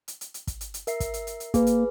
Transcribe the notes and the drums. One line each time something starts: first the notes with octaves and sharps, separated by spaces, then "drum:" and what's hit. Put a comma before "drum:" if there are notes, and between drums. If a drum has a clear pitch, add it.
drum: hi-hat
drum: hi-hat
drum: hi-hat
drum: kick, hi-hat
drum: hi-hat
drum: hi-hat
A#4 E5 C7, drum: hi-hat
drum: kick, hi-hat
drum: hi-hat
drum: hi-hat
drum: hi-hat
A#3 G#4 B4, drum: kick, hi-hat
drum: hi-hat